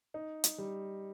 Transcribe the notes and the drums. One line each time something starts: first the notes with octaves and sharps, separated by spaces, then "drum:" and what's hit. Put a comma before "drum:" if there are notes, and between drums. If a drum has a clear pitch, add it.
D#4
drum: hi-hat
G3